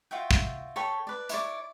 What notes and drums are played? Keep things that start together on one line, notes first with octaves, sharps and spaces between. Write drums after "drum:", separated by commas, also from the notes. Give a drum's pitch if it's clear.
F4 F#4 E5 G5
drum: kick
A4 C#5 G5 B5
B4 D5
E4 C#5 D5, drum: hi-hat